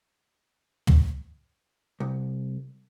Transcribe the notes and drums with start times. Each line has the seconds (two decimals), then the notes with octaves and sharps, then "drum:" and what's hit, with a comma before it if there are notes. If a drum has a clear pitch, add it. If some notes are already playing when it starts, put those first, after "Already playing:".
0.87 drum: tom
2.00 C2